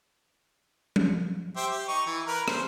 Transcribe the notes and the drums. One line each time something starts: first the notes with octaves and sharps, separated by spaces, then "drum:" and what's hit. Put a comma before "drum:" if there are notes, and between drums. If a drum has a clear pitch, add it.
drum: tom F#3
G4 C5 E5
G4
D#4 C#6
E3
A#4 B4 A#5
C5, drum: rim click